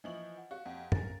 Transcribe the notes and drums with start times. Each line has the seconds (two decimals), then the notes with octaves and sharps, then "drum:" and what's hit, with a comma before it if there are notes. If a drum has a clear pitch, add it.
0.04 E3 F3 D#5 E5 C#6 F#7
0.37 F#5
0.51 F#4 G4 C#5 F5
0.66 F2 F#5
0.92 C#4 A#4 C5 G#5 A6, drum: tom